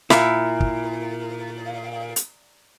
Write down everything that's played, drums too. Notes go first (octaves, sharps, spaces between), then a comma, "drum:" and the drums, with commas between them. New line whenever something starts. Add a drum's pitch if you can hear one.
A#2 E4, drum: snare
drum: kick
drum: hi-hat